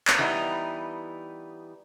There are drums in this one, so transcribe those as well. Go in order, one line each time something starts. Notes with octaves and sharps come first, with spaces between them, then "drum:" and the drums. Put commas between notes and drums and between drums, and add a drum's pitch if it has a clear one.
drum: clap
E3 G3 B3 D#4